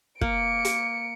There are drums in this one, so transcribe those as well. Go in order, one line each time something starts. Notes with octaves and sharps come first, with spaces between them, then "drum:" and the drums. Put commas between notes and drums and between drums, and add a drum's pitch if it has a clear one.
A#3 C#7 D7, drum: kick
drum: hi-hat